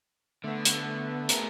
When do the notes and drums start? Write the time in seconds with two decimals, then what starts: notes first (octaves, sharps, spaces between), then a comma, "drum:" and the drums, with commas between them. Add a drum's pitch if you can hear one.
0.44 D3 A3 B3
0.65 drum: hi-hat
1.29 G#4 A#4, drum: hi-hat